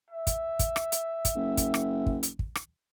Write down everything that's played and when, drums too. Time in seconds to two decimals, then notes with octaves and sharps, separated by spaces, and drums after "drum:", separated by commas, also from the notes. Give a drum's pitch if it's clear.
0.10 E5
0.27 drum: kick, hi-hat
0.59 drum: kick, hi-hat
0.76 drum: rim click
0.92 drum: hi-hat
1.25 drum: kick, hi-hat
1.35 F#1
1.57 drum: kick, hi-hat
1.74 drum: rim click
2.06 drum: kick
2.23 drum: hi-hat
2.39 drum: kick
2.55 drum: rim click